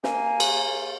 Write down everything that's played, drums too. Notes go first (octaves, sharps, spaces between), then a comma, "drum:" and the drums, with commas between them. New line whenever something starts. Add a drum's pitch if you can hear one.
A#3 G#5, drum: snare
drum: cymbal